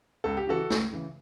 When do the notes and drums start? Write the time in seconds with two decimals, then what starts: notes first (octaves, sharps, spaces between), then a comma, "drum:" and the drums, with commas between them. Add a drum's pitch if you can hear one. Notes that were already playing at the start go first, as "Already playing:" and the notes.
0.24 C#2 A4
0.37 G4
0.47 C#3 E3 F#4 A4
0.70 C#2, drum: snare
0.92 C#3 E3